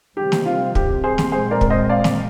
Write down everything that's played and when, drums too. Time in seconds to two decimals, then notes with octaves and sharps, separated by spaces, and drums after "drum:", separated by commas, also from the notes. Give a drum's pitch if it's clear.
0.17 C3 D#3 G3 C4 G4
0.32 drum: snare
0.46 F4
0.75 G4, drum: kick
1.04 G#4 C5
1.18 drum: snare
1.32 A#2 G#3 C4 G#4 C5
1.51 A#4 D5
1.61 drum: kick
1.70 C5 D#5
1.90 D5 F5
2.04 drum: snare